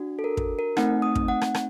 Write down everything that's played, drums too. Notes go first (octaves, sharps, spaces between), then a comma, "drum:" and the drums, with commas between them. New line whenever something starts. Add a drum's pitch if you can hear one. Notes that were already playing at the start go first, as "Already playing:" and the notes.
Already playing: D4 F#4
A4
A#4
drum: kick
A#4
A3 C4 D#4 F#5, drum: rim click
D#6
drum: kick
F#5
drum: rim click
drum: rim click